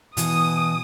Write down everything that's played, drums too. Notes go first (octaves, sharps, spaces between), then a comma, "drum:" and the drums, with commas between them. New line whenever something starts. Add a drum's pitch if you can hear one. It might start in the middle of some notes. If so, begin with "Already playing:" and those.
B2 E3 D#6, drum: hi-hat